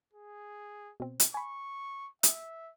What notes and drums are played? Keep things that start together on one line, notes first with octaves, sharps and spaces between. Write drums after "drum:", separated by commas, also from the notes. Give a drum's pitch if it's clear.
G#4
B2 C4
drum: hi-hat
G#5 B5 C#6
E5 D#6, drum: hi-hat